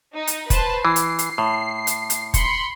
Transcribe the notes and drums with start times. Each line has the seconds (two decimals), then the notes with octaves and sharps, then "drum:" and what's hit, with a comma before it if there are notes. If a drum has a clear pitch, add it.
0.13 D#4
0.27 drum: hi-hat
0.50 B4 C5 A5, drum: kick, hi-hat
0.85 E3 C7
0.96 drum: hi-hat
1.19 drum: hi-hat
1.38 A2
1.87 drum: hi-hat
2.10 drum: hi-hat
2.34 B5 C6 C#7, drum: kick, hi-hat